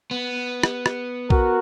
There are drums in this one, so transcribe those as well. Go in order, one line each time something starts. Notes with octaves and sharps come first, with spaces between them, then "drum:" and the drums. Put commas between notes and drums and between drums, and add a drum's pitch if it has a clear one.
B3
drum: rim click
drum: rim click
F#4 A#4, drum: kick A#1